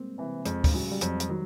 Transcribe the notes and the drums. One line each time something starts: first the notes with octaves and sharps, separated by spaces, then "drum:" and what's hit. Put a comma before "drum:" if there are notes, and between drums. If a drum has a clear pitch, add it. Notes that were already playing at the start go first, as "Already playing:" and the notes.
Already playing: G3 G#3 A#3 C4
C3 E3
F2 G#3, drum: hi-hat
drum: kick, open hi-hat
C#3 F#3 G3
G3
F2 F#3, drum: hi-hat
drum: hi-hat
D#3 F#3